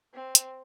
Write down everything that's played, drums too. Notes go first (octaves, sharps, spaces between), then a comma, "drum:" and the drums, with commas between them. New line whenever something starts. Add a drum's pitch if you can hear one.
C4
drum: hi-hat